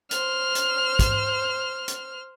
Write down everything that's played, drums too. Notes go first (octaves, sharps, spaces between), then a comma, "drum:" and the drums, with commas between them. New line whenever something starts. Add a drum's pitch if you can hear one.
C5 F6, drum: hi-hat
drum: hi-hat
drum: kick, hi-hat
drum: hi-hat